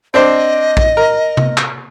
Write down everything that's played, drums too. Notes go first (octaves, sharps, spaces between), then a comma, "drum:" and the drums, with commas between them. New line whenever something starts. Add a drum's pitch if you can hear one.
C4 D4 C5 D#5
drum: kick
A#4
drum: tom
drum: clap